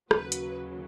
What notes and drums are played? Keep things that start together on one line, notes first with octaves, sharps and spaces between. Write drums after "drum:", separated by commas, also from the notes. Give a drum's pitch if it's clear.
D#2 C#3 F#3 B4, drum: rim click
drum: hi-hat